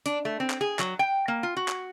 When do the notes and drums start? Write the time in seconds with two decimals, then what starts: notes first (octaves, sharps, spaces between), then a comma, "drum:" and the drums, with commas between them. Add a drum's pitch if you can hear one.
0.06 D4, drum: hi-hat
0.25 A3
0.40 C4
0.50 drum: clap
0.61 G#4
0.79 F#3, drum: clap
0.99 G5
1.28 A#3
1.43 F4
1.57 F#4
1.68 drum: clap